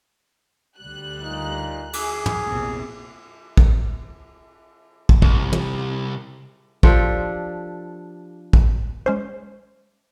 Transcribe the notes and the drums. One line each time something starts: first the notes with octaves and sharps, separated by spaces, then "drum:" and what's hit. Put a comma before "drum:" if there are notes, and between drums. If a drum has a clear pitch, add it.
D2 G3 F#6
A#2 D#4
G#4, drum: cymbal
drum: tom
A#1 E2 C3
drum: kick
drum: kick
C2, drum: kick
drum: tom
F3 D4 G4 A4, drum: kick
drum: kick
G#3 C#4 C5